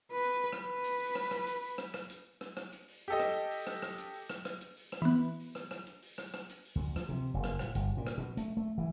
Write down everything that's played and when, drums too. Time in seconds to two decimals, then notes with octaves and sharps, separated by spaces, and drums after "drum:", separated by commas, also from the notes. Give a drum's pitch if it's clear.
0.12 B4
0.53 drum: rim click
0.64 B4
0.84 drum: hi-hat
1.00 drum: open hi-hat
1.15 drum: rim click
1.31 drum: rim click
1.47 drum: hi-hat
1.62 drum: open hi-hat
1.78 drum: rim click
1.94 drum: rim click
2.10 drum: hi-hat
2.41 drum: rim click
2.57 drum: rim click
2.72 drum: hi-hat
2.88 drum: open hi-hat
3.08 G4 A4 D#5
3.20 drum: rim click
3.51 drum: open hi-hat
3.67 drum: rim click
3.82 drum: rim click
3.98 drum: hi-hat
4.14 drum: open hi-hat
4.30 drum: rim click
4.45 drum: rim click
4.61 drum: hi-hat
4.77 drum: open hi-hat
4.92 drum: rim click
5.02 E3 B3
5.39 drum: open hi-hat
5.55 drum: rim click
5.71 drum: rim click
5.87 drum: hi-hat
6.02 drum: open hi-hat
6.18 drum: rim click
6.34 drum: rim click
6.49 drum: hi-hat
6.65 drum: open hi-hat
6.75 D2
6.96 F3, drum: rim click
7.09 C3
7.34 F#1
7.44 drum: rim click
7.59 A2, drum: rim click
7.75 G1, drum: hi-hat
7.97 A#2
8.07 drum: rim click
8.18 B2
8.37 A3, drum: hi-hat
8.57 A3
8.78 E3